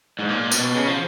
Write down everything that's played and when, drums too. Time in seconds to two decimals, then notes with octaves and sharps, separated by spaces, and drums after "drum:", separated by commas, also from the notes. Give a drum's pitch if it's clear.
0.19 G#2
0.29 A#2
0.52 B2, drum: tambourine
0.74 C#3
0.87 F3